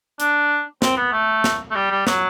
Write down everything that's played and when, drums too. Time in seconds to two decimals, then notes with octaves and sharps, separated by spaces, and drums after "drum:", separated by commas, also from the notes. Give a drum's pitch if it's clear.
0.20 D4, drum: hi-hat
0.82 C4, drum: snare
0.97 B3
1.13 A3
1.44 drum: snare
1.71 A3
1.75 G3
1.91 G3
2.07 F#3, drum: snare